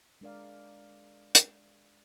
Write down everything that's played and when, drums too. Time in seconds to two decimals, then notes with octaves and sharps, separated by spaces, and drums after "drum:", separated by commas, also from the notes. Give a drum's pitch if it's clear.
0.21 G#3 D4 A#4 D5 F5
1.35 drum: hi-hat